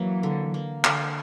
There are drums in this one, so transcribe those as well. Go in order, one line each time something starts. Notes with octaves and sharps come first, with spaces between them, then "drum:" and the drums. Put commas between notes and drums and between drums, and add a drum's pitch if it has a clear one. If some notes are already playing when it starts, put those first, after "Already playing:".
Already playing: E3 F#3 A#3
D3
A#3
D3, drum: clap